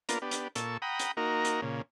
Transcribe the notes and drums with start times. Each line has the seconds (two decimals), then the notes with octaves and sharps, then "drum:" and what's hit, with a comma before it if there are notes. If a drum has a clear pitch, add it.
0.09 A#3 B3 D4 F4 A#4, drum: hi-hat
0.22 B3 D4 G4
0.31 drum: hi-hat
0.55 A#2 A4 C#6 E6, drum: hi-hat
0.82 F#5 G5 A#5 B5 D#6
0.99 drum: hi-hat
1.17 A#3 D#4 F#4 A#4
1.45 drum: hi-hat
1.62 A#2 C#3